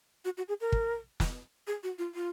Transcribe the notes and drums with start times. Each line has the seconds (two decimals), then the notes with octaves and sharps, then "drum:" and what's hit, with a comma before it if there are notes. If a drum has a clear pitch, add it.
0.25 F#4
0.37 F#4
0.48 G#4
0.61 A#4
0.72 drum: kick
1.20 drum: snare
1.67 G#4
1.83 F#4
1.99 F4
2.15 F4